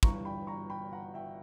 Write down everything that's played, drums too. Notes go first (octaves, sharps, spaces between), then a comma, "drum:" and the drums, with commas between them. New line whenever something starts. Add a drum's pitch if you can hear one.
G1 G2 E3 A#5 C#6, drum: kick
G5 B5
A#5 C#6
G5 B5
F#5 A#5
E5 G5